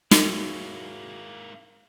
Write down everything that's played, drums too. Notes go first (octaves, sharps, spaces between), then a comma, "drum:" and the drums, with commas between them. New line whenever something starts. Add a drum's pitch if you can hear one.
G#2 A#3 E4 F#4 G#4 C#5, drum: snare